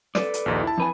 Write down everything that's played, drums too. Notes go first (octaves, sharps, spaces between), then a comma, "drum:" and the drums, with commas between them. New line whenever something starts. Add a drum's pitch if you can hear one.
A4 B4 D5, drum: snare
drum: hi-hat
A#1 D#2 D#4
E4 A5
F2 B4 G#5